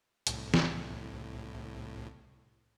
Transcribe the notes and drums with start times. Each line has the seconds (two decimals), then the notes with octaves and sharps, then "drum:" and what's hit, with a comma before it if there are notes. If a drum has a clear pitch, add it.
0.27 C2 A2, drum: hi-hat
0.54 drum: snare